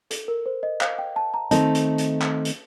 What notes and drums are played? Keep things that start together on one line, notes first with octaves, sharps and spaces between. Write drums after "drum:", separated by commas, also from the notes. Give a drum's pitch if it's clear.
A4, drum: hi-hat
A#4
C5
D#5
F5, drum: clap
G5
A5
A#5
D#3 A3 C4 D#4 A5, drum: hi-hat
drum: hi-hat
drum: hi-hat
drum: clap
drum: hi-hat